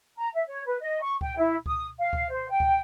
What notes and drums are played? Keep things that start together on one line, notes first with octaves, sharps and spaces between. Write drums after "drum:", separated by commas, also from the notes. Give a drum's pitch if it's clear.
A#5
E5
C#5
B4
D#5
C#6
G5, drum: kick C#2
E4
D#6, drum: kick C#2
F5
drum: kick C#2
C5
G5
drum: kick C#2